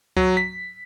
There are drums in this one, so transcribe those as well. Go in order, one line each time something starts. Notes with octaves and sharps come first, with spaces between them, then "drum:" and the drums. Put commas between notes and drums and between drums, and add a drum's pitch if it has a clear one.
F#3, drum: kick C#2
B6